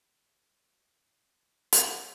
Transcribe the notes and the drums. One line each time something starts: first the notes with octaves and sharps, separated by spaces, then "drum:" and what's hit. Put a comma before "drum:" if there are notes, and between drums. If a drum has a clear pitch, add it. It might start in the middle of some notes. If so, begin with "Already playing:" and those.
Already playing: B2 F#3 A3 C#4 A#5
C#6
D6
G#2 D#3 G3 B3 C6
A#2 F3 A#3 B5
drum: hi-hat
D#3 G3 B3 D#4